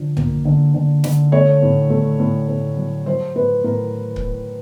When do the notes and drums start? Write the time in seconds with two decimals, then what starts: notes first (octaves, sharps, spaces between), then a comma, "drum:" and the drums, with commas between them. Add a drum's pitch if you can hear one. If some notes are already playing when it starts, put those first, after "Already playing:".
Already playing: D3 F3
0.17 A#3, drum: tom B1
0.45 D3
0.74 D3
1.04 D3, drum: snare
1.32 A3 C#5
1.62 A2
1.90 A3
2.19 A2
2.49 A2
2.77 F#3
3.06 F#3 C5
3.35 A2 B4
3.64 A2 A#4
4.16 drum: kick C#1